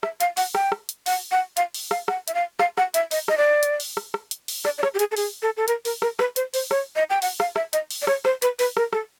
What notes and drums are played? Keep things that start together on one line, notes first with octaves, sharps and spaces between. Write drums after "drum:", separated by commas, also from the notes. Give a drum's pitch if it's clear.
E5, drum: rim click
F5, drum: hi-hat
F#5, drum: open hi-hat
G5, drum: rim click
drum: rim click
drum: hi-hat
F#5, drum: open hi-hat
F#5
F5, drum: hi-hat
drum: open hi-hat
F5, drum: rim click
F#5, drum: rim click
E5, drum: hi-hat
F5
F5, drum: rim click
F#5, drum: rim click
E5, drum: hi-hat
D#5, drum: open hi-hat
D#5, drum: rim click
D5
drum: hi-hat
drum: open hi-hat
drum: rim click
drum: rim click
drum: hi-hat
drum: open hi-hat
D5, drum: rim click
D5
C#5, drum: rim click
G4
G#4, drum: hi-hat
A4
G#4, drum: open hi-hat
A4
A4
A#4, drum: hi-hat
A#4, drum: open hi-hat
A#4, drum: rim click
B4, drum: rim click
C5, drum: hi-hat
C5, drum: open hi-hat
C#5, drum: rim click
D#5
G5
F#5, drum: open hi-hat
F5, drum: rim click
E5, drum: rim click
D#5, drum: hi-hat
drum: open hi-hat
D5
C#5, drum: rim click
C5, drum: rim click
B4, drum: hi-hat
B4, drum: open hi-hat
A#4, drum: rim click
A4, drum: rim click